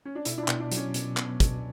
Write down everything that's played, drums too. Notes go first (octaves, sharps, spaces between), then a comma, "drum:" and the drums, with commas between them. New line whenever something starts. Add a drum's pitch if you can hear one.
C#4
D4
B2 E4, drum: hi-hat
D4
E4
B2, drum: clap
D4
F#3, drum: hi-hat
C#4
B2, drum: hi-hat
B3, drum: clap
B2, drum: kick, hi-hat